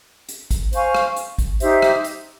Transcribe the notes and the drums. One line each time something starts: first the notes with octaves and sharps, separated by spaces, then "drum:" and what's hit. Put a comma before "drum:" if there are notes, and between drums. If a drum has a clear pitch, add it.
drum: hi-hat
drum: kick G#1, hi-hat
C5 F5 G#5 C#6, drum: hi-hat
drum: rim click
drum: hi-hat
drum: kick G#1, hi-hat
D#4 G4 C5 E5, drum: hi-hat
drum: rim click
drum: hi-hat